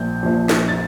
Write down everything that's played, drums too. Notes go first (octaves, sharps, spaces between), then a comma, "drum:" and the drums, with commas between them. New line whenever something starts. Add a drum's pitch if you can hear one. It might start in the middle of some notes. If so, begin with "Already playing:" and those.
Already playing: A#1 A#2 F3 G6
A#1 A#2 F3
drum: snare
A6